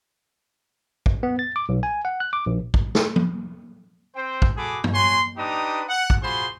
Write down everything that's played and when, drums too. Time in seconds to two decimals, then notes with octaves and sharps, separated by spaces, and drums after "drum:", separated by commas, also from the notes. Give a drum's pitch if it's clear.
1.06 drum: kick
1.23 B3
1.39 A6
1.56 D6
1.69 B1
1.83 G#5
2.05 F#5
2.20 F#6
2.33 D6
2.46 A#1
2.74 drum: kick
2.95 drum: snare
3.16 drum: tom F3
4.16 C4 C5 G5
4.42 drum: kick
4.57 F#4 G#4 A4 B5 D6
4.84 drum: tom
4.93 F#4 C#5 G#5 C6
5.37 D4 D#4 G4 B4 A#5 D#6
5.89 F#5
6.10 drum: kick
6.22 F4 F#4 G#4 C5 B5 C6